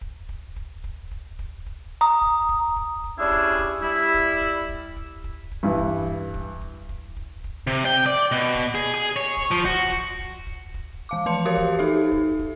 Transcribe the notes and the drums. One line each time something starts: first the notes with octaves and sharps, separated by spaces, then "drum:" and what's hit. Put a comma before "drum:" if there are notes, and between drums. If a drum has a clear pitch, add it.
drum: kick
drum: kick
drum: kick
drum: kick
drum: kick
drum: kick
drum: kick
A#5 D#6
drum: kick
drum: kick
drum: kick
drum: kick
G3 C#4 D4 E4 G#4
drum: kick
drum: kick
G3 E4
drum: kick
drum: kick
drum: kick
drum: kick
drum: kick
drum: kick
G2 E3
drum: kick
drum: kick
drum: kick
drum: kick
drum: kick
drum: kick
drum: kick
C3
G5
D5
B2
drum: kick
G#4
G#4
C#5
drum: kick
F3
F#4, drum: kick
drum: kick
drum: kick
drum: kick
drum: kick
E3 F5 D6
F3 B4 A5 C6 C#7
F#4 G4 A#4 C5 C#5 F5
drum: kick
D#4 A4 E5
drum: kick
drum: kick